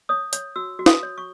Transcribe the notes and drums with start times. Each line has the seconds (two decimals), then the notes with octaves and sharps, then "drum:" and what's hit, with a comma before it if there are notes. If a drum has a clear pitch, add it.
0.09 C#5 D#6
0.33 C#5, drum: hi-hat
0.56 F#4 E6
0.79 F#4
0.86 D#6, drum: snare
1.03 C#5
1.18 C#6